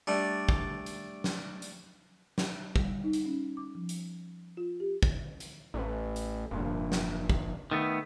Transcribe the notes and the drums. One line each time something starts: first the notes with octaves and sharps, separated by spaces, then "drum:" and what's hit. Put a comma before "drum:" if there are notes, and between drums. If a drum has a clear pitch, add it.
G3 A3 D4
drum: kick
drum: hi-hat
drum: snare
drum: hi-hat
drum: snare
G3, drum: kick
D#4
drum: hi-hat
C#4
D6
F3
drum: hi-hat
F4
G4
drum: kick
drum: hi-hat
A1 A3 B4
drum: hi-hat
F1 G2 A#2 D3
drum: snare
drum: kick
D#3 A3 B3